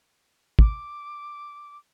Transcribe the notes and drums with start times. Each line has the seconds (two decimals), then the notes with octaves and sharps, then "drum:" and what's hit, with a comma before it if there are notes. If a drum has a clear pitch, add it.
0.59 D6, drum: kick